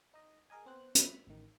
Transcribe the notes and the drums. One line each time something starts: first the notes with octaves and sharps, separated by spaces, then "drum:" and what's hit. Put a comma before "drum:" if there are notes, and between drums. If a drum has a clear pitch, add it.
D#4 D#5
G#4 A#4 D#5 G#5
B3 C4 C5 F#6
E5 B5, drum: hi-hat
A1 D#3